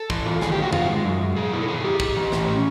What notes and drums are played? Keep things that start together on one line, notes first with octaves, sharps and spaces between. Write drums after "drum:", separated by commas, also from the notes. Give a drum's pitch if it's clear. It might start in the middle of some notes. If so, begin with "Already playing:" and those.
Already playing: A4
E3, drum: kick
F4
D#3 G#4, drum: snare
G4
D#3
F#4
F#2 F4, drum: tom E2
G#3
F#2
F#2
B2 G#4
E4
A4
D#3 G#4
D#3 G4
E3, drum: kick
E3
A2, drum: snare
C#4